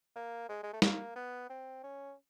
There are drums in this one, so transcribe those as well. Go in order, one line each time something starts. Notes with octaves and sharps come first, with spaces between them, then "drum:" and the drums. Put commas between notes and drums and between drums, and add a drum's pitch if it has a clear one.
A#3
G#3
G#3
A3
A#3, drum: snare
B3
C4
C#4